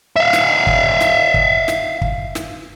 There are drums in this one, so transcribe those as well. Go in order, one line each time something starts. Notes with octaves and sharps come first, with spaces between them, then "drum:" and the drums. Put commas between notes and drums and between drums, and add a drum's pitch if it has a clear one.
E5 F5
drum: snare
drum: kick
drum: snare
drum: kick
drum: snare
drum: kick
drum: snare